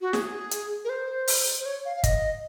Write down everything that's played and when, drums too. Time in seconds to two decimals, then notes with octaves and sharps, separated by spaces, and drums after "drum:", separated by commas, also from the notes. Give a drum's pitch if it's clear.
0.01 F#4
0.13 G#4, drum: snare
0.51 drum: hi-hat
0.85 A#4
0.89 C5
1.27 drum: open hi-hat
1.60 C5
1.66 C#5
1.85 F5
1.96 F5
2.04 D#5, drum: kick, hi-hat